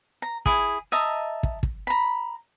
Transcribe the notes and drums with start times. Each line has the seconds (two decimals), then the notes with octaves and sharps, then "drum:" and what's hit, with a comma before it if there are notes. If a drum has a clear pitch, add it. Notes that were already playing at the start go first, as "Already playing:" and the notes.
0.22 A#5
0.46 E4 G#4, drum: kick
0.92 D#5 E5 A5 A#5
1.43 drum: kick
1.63 drum: kick
1.87 A#5 B5